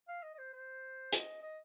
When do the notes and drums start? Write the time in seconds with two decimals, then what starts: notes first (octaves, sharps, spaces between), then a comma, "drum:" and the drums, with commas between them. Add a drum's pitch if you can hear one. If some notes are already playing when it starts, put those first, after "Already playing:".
0.08 F5
0.23 D#5
0.34 D#5
0.38 C5
0.53 C5
1.12 D#5, drum: hi-hat
1.43 D#5